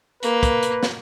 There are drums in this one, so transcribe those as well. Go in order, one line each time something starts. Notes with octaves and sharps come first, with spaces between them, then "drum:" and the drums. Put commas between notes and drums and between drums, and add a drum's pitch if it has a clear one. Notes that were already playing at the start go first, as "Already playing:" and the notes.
A#3 B4, drum: hi-hat
drum: kick, hi-hat
drum: hi-hat
drum: snare